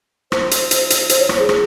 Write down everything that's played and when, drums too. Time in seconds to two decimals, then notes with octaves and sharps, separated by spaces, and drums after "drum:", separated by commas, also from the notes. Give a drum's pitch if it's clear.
0.32 C5, drum: rim click
0.51 drum: hi-hat
0.71 drum: hi-hat
0.90 drum: hi-hat
1.09 C5, drum: hi-hat
1.19 C#5
1.29 C5, drum: rim click
1.39 G#4
1.49 drum: rim click